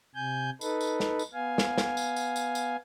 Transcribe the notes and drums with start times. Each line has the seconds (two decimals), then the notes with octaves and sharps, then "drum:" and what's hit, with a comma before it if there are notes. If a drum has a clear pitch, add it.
0.15 C3 G#5 G6
0.61 D#4 A4 B4, drum: tambourine
0.81 drum: tambourine
1.00 drum: snare
1.19 drum: tambourine
1.34 B3 F5 G#5
1.58 drum: snare
1.78 drum: snare
1.97 drum: tambourine
2.16 drum: tambourine
2.36 drum: tambourine
2.55 drum: tambourine